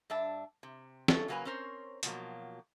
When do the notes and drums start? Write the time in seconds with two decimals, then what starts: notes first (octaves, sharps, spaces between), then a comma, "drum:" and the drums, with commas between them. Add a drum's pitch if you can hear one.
0.10 G2 D4 E5 A5
0.63 C3
1.08 F2 A3 C#4 A4, drum: snare
1.28 C#3 F#3 A#3 G4 B4 G#5
1.45 C4 C#4 A#4 C5 C#5
2.03 B2 F3 F#3 A#3, drum: hi-hat